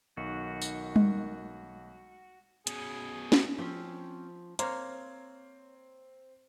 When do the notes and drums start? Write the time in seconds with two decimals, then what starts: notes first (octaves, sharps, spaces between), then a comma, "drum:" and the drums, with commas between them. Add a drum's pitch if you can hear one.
0.17 B1 D#3 F#4
0.61 drum: tambourine
0.96 drum: tom G3
2.67 B2 C#4 G#4, drum: hi-hat
3.32 drum: snare
3.58 F3 A3 C4 C#4
4.59 A#3 C4 C5 C#5 F6, drum: hi-hat